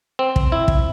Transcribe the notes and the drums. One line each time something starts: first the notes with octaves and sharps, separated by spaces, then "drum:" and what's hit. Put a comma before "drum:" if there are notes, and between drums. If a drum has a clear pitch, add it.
C4
drum: kick
E4
drum: kick